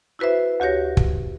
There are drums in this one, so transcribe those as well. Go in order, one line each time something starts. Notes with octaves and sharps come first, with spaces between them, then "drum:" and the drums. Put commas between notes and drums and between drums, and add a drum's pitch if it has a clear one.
E4 F#4 B4 C5 E5
D2 F#4 G4 C#5 A#6
drum: kick